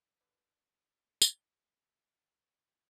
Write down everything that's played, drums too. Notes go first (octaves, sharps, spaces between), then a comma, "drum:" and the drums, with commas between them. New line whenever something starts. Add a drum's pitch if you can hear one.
D3 B4
drum: tambourine